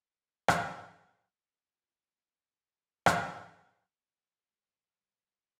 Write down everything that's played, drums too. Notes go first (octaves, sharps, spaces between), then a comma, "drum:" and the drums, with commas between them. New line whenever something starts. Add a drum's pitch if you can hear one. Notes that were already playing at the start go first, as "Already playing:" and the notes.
drum: rim click
F2 C3 F3 B3 A#4
F2 A2 B3 C#4
drum: rim click
F5
C5
C#2 G#2 G3